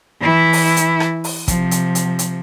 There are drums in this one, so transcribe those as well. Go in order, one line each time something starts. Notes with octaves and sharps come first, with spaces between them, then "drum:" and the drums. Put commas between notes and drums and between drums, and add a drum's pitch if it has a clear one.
E3 E4
drum: open hi-hat
drum: hi-hat
drum: rim click
drum: open hi-hat
C3 F3, drum: kick, hi-hat
drum: hi-hat
drum: hi-hat
drum: hi-hat